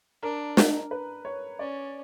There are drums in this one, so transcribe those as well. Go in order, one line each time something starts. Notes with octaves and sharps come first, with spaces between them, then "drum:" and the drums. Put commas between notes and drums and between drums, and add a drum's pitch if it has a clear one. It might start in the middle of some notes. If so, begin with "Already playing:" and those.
D4 A#4
A#4, drum: snare
B4
C#5
C#4 D5